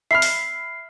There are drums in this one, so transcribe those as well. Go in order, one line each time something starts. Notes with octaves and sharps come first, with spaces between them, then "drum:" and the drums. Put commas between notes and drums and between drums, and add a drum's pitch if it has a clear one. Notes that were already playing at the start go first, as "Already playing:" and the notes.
E5 B5 F6 C7
drum: open hi-hat